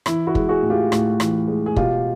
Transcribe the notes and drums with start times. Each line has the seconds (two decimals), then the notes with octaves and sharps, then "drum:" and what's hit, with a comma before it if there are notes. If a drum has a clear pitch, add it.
0.06 E3 E4, drum: rim click
0.27 E4 F#4
0.35 G#3, drum: kick
0.49 F#4 G#4
0.63 A2
0.70 F4 G4
0.92 A2, drum: rim click
1.20 E3, drum: rim click
1.48 G#3
1.66 G#4
1.76 B2 F4 G4, drum: kick